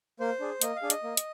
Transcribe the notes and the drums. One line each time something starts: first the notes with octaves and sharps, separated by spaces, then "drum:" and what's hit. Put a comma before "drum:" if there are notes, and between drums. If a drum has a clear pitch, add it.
A#3 C5
D4 G#4
A#3 D#5, drum: hi-hat
F5
D4 G#4
D#5, drum: hi-hat
A#3
drum: hi-hat